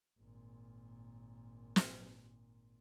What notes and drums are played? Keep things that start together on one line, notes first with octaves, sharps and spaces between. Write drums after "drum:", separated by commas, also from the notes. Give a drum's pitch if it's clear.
G#1 A#2
drum: snare